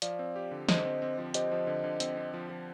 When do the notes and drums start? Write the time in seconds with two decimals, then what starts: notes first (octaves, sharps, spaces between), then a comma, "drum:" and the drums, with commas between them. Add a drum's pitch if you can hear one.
0.02 F3 D5 F5, drum: hi-hat
0.19 C4
0.36 G4
0.51 D3
0.69 D3 C5 D#5, drum: snare
0.85 C4
1.02 C4
1.18 F3
1.34 G4 C5 D#5, drum: hi-hat
1.52 F3
1.67 D3
1.84 D3
2.00 C4, drum: hi-hat
2.17 C4
2.34 F3
2.50 F3